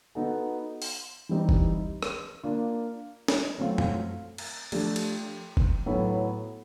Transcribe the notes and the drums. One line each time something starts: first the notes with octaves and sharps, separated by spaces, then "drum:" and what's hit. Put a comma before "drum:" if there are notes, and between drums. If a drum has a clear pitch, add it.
B3 D#4 F#4 A4
drum: open hi-hat
E3 G3 C4 D#4
drum: kick F#1
drum: rim click
A#3 D4 F4
drum: snare
F#3 A3 C4 F4
drum: tom F#2
drum: cymbal
F3 A3 D4 G4, drum: cymbal
drum: cymbal
drum: kick F#1
A2 F#3 B3 E4 A4